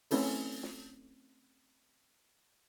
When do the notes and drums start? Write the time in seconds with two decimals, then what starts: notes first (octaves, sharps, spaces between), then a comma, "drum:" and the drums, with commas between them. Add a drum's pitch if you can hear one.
0.11 A3 C4 C#4 E4 A4 B4, drum: open hi-hat
0.63 drum: snare